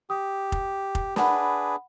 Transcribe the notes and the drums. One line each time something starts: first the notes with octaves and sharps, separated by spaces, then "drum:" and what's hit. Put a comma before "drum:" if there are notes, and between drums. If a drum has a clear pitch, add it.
G4 D#6
drum: kick
drum: kick
D4 G#4 B4 F#5 B5, drum: snare